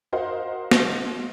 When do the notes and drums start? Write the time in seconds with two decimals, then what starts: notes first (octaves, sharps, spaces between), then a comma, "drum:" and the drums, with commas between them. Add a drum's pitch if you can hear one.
0.12 F#4 A#4 C5 D#5 F5 F#5
0.71 drum: snare